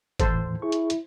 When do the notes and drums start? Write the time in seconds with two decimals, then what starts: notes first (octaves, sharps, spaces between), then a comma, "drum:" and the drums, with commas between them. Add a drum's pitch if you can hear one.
0.20 D#2 A2 E3 A4 C5, drum: kick, hi-hat
0.62 E4 G#4 C#6
0.72 drum: hi-hat
0.90 drum: hi-hat